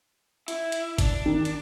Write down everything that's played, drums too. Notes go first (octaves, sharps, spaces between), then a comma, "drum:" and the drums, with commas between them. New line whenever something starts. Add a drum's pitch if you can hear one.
E4, drum: hi-hat
drum: hi-hat
D4, drum: kick G1, hi-hat
D#3
drum: hi-hat